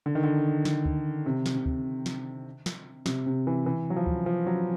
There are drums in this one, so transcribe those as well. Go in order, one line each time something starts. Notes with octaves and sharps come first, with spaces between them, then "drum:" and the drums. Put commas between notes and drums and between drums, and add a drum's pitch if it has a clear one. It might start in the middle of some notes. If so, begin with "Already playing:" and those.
D3
D#3
D3
drum: snare
drum: kick D2
C3
drum: snare
C3
drum: kick D2
drum: snare
drum: snare
C3, drum: snare
C3
E3
E3
F#3
F3
drum: kick D2
F3
F#3